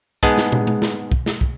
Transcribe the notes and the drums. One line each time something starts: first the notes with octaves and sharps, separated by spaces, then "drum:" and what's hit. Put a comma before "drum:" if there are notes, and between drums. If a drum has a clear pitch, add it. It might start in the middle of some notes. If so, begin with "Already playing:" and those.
G#2 G#3 B3 G#4 D#5 A5, drum: kick
drum: snare
drum: tom
drum: tom G#3
drum: snare
drum: kick
drum: snare
drum: kick